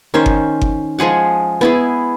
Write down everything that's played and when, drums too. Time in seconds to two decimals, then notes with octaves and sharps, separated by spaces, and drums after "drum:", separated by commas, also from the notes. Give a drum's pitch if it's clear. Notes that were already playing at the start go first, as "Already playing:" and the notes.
0.14 D#3 C#4 C5
0.26 drum: kick G1
0.61 drum: kick G1
0.99 F3 G#3 G#4 F#5
1.61 B3 E4 G#4